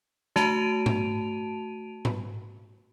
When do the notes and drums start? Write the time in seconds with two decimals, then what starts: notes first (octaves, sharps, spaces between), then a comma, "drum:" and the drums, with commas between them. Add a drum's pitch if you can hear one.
0.36 A3 F#4 A5 D7 D#7 F7, drum: snare
0.86 drum: tom G#2
2.05 drum: tom G#2